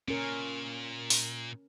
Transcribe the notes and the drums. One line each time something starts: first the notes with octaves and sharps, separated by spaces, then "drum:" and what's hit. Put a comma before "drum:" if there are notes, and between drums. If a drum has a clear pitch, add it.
A#2 C#4 A#4
drum: open hi-hat